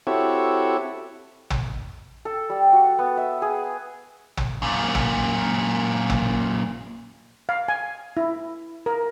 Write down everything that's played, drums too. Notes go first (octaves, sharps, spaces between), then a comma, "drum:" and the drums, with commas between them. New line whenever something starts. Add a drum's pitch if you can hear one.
C4 E4 F#4 G4 A4 C#5
drum: tom
A4
G3
F#4
B3
E5
G#4
drum: tom
F#2 A#2
drum: tom
drum: tom
F5
G#5
E4
A#4